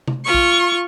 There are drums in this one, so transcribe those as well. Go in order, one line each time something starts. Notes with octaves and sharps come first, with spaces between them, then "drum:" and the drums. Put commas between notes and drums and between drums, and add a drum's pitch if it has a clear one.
drum: tom C3
F4 C#6
drum: kick A#1